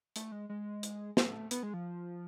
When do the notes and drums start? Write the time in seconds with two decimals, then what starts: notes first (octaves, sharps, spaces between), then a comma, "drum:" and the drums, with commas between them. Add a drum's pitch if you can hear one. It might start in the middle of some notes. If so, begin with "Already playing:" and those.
0.16 A3, drum: hi-hat
0.32 G#3
0.49 G#3
0.83 drum: hi-hat
1.17 A3, drum: snare
1.51 B3, drum: hi-hat
1.63 G#3
1.74 F3